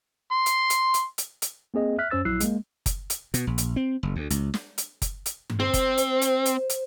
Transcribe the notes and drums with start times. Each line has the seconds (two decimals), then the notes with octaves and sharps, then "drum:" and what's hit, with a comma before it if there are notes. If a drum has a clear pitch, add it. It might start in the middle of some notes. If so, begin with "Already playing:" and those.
0.31 C6
0.46 drum: hi-hat
0.70 drum: hi-hat
0.94 drum: hi-hat
1.18 drum: hi-hat
1.42 drum: hi-hat
1.74 A#3 C4 G#4 D#5
1.98 E5 F6 F#6 B6
2.11 F#2 C#4 C5 E6 A6
2.25 A#1 F#3 E4 E6 F#6 C7
2.40 G#3 A#3, drum: hi-hat
2.86 drum: kick F#1, hi-hat
3.10 drum: hi-hat
3.34 B2, drum: hi-hat
3.47 A#1
3.58 drum: hi-hat
3.76 C4
4.03 F#1
4.16 D2
4.30 C#2, drum: hi-hat
4.54 drum: snare
4.78 drum: hi-hat
5.02 drum: kick F#1, hi-hat
5.26 drum: hi-hat
5.50 drum: tom G2
5.60 C4 C5
5.74 drum: kick F#1, hi-hat
5.98 drum: hi-hat
6.22 drum: hi-hat
6.46 drum: hi-hat
6.69 drum: hi-hat